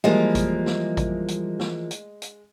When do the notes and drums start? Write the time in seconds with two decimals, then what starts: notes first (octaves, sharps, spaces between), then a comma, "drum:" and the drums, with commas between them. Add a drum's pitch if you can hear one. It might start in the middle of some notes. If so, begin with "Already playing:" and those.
0.04 E3 F3 G3 G#3 A#3 D#5
0.35 drum: kick G#1, hi-hat
0.66 drum: snare
0.97 drum: kick G#1, hi-hat
1.28 drum: hi-hat
1.59 drum: snare
1.91 drum: hi-hat
2.22 drum: hi-hat